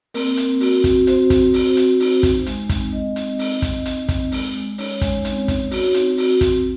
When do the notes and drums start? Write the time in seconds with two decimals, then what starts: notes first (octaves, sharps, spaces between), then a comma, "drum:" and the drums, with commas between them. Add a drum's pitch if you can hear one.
0.14 A#3 C4 A#4, drum: open hi-hat
0.37 C4, drum: hi-hat
0.60 F#4, drum: open hi-hat
0.84 C4, drum: kick, hi-hat
1.07 C4 F#4 C5, drum: hi-hat
1.30 F#4, drum: kick, hi-hat
1.54 F#4, drum: open hi-hat
1.77 F#4, drum: hi-hat
2.00 D#4, drum: open hi-hat
2.23 D#4, drum: kick, hi-hat
2.46 G#3, drum: hi-hat
2.69 C4, drum: kick, hi-hat
2.92 G#3 D#4 D#5
3.16 C4, drum: hi-hat
3.39 C4, drum: open hi-hat
3.62 C4, drum: kick, hi-hat
3.86 C4, drum: hi-hat
4.09 C4, drum: kick, hi-hat
4.32 G#3, drum: open hi-hat
4.55 G#3
4.78 C#4 D#4 C#5, drum: open hi-hat
5.01 G#3, drum: kick, hi-hat
5.25 C4, drum: hi-hat
5.48 D#4, drum: kick, hi-hat
5.71 F#4, drum: open hi-hat
5.94 C4, drum: hi-hat
6.18 F#4, drum: open hi-hat
6.41 C4, drum: kick, hi-hat